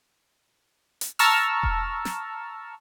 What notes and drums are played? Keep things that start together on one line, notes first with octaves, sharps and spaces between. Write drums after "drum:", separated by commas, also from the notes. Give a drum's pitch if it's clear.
drum: hi-hat
A5 A#5 C#6 E6 F6, drum: open hi-hat
drum: kick E1
drum: snare